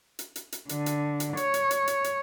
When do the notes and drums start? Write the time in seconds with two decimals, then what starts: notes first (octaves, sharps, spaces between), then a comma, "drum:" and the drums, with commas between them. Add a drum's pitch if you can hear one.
0.19 drum: hi-hat
0.36 drum: hi-hat
0.52 drum: hi-hat
0.69 D3, drum: hi-hat
0.86 drum: hi-hat
1.20 drum: hi-hat
1.37 C#5, drum: hi-hat
1.54 drum: hi-hat
1.71 drum: hi-hat
1.87 drum: hi-hat
2.04 drum: hi-hat